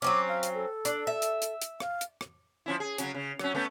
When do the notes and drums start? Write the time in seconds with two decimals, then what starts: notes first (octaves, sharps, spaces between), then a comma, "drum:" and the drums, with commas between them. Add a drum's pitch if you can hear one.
0.02 F#3 C4 C#4 D6
0.29 F5
0.43 drum: hi-hat
0.54 A4
0.85 D4, drum: hi-hat
1.07 E5
1.22 drum: hi-hat
1.42 drum: hi-hat
1.62 drum: hi-hat
1.80 F5, drum: rim click
2.01 drum: hi-hat
2.21 drum: rim click
2.66 F3 C#4 E4
2.80 G#4
2.98 C#3 F#3 C#4, drum: hi-hat
3.14 C#3
3.39 F#3 C#4, drum: rim click
3.54 A3 B3 C#4